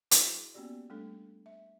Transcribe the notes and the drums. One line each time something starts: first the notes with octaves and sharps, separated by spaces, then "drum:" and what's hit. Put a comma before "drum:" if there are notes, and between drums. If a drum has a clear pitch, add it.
E4 F#4 G#4, drum: hi-hat
A#3 B3 C#4 F#4 G4 D5
G3 A3 D4 A4
E5